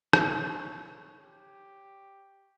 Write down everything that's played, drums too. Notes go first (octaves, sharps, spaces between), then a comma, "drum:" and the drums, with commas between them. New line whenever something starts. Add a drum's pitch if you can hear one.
C#5, drum: rim click
G4